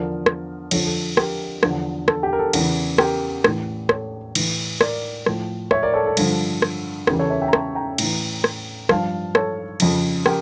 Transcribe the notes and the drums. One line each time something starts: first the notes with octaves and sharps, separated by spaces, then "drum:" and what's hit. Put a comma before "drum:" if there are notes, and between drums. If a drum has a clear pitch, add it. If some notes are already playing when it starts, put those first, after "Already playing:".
Already playing: E2 D3 F3 A#4 D5
drum: rim click
F2 D3 F3 A4 C#5, drum: cymbal
A4
G4 A#4, drum: rim click
E2 D3 F3, drum: rim click
A4, drum: rim click
G4
A#4
A4
E2 C#3 E3, drum: cymbal
G4 A#4, drum: rim click
A2 E3, drum: rim click
A4 C#5, drum: rim click
A2 E3, drum: cymbal
A#4 D5, drum: rim click
A2 F3, drum: rim click
C#5 E5, drum: rim click
A#4 D5
A4 C#5
A4
G2 D3 F3, drum: cymbal
drum: rim click
E2 C#3 E3 G4 A#4, drum: rim click
A4 C#5
C#5 E5
E5 G5
A#5
A5 C#6, drum: rim click
G5 A#5
A2 E3, drum: cymbal
drum: rim click
G2 F3 F5 A5, drum: rim click
A4 C#5, drum: rim click
F2 C#3 F3, drum: cymbal
G4 A#4, drum: rim click